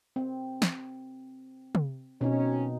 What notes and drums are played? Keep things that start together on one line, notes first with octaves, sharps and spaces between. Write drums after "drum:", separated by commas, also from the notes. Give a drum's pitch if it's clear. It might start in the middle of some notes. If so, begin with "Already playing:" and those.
C4
drum: snare
drum: tom
B2 C4 C#4 D#4